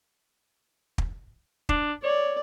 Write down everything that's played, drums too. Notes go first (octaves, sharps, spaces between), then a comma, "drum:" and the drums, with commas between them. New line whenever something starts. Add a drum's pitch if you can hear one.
drum: kick
D4, drum: kick
C#5 D5